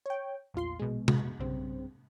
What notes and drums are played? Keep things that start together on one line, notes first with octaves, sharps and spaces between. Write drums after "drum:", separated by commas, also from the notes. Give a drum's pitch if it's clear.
C#5 G5
A#1 E2 F4 C6
A#1 B2 G#3
drum: tom C3
B1 G2 C#3 C4